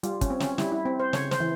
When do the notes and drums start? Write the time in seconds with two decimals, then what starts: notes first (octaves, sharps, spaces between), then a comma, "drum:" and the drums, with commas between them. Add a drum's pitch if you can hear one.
0.03 G3 F4, drum: hi-hat
0.21 C#4, drum: kick, hi-hat
0.30 C4
0.40 C#4, drum: snare
0.58 G3 E4, drum: snare
0.72 E4
0.85 C4
1.00 C5
1.13 C#3 C#5, drum: snare
1.31 C5, drum: snare
1.40 E3